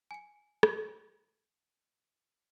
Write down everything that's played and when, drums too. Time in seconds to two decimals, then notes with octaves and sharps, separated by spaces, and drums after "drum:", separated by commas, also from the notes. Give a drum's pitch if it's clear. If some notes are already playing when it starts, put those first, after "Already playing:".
0.11 G#5 C#7
0.63 drum: rim click